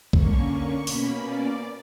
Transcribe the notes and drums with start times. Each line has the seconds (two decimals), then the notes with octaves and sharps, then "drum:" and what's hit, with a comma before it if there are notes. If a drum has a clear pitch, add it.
0.13 D3 A#3 C#4 C#6, drum: kick A#1
0.87 B2 A#3 C#4 B5, drum: open hi-hat
1.25 D5